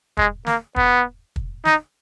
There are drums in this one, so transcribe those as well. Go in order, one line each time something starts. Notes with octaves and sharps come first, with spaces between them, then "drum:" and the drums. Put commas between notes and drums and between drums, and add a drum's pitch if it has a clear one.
G#3, drum: kick
A#3, drum: snare
B3, drum: kick
drum: kick
D#4, drum: snare